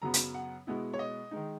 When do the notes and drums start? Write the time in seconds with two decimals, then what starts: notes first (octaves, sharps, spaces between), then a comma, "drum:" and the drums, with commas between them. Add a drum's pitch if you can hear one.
0.02 F#2 C#3 F#3 B3 A#5
0.14 drum: hi-hat
0.34 F#5
0.67 B2 G#3 B3 E4
0.94 C#5
0.99 D#5
1.31 D#3 G#3 D#4